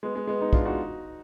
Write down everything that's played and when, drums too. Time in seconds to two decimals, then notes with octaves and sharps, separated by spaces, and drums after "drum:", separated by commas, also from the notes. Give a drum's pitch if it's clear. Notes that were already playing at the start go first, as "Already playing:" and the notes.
0.03 G#3 B3
0.15 G#3 B3
0.27 G#3 B3
0.40 B3 D#4
0.53 D4 F4, drum: kick
0.65 D#4 F#4